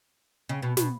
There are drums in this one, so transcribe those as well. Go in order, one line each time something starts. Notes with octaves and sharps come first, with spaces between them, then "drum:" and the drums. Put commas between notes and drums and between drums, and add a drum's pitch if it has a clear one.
C#3
B2
B2, drum: snare